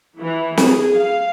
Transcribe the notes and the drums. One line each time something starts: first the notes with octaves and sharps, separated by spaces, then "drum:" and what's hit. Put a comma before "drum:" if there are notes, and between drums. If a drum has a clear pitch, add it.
E3
G#4, drum: snare
F5